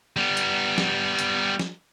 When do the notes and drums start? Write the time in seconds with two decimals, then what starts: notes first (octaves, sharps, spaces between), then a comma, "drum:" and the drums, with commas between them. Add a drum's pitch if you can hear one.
0.17 G3 B3
0.37 drum: hi-hat
0.78 drum: snare
1.19 drum: hi-hat
1.59 drum: snare